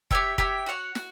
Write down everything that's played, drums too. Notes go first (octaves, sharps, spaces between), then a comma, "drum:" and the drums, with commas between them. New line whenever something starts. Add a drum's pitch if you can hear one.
G4 C#5 E5 G5, drum: kick F#1
G4 C#5 E5 G5, drum: kick F#1
F#4 C#5 F#5
F#4, drum: snare